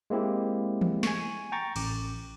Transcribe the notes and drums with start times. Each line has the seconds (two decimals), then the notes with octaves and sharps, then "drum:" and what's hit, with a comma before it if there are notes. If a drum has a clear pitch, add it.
0.10 G#3 A#3 C4 E4 G4
0.81 drum: tom E3
1.03 G#5 C#6, drum: snare
1.52 G5 A#5 C#6 A6
1.76 A1 D6, drum: cymbal